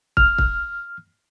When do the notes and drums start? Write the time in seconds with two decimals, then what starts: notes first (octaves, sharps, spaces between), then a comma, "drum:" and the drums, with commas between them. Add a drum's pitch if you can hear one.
0.17 F6, drum: kick
0.38 drum: kick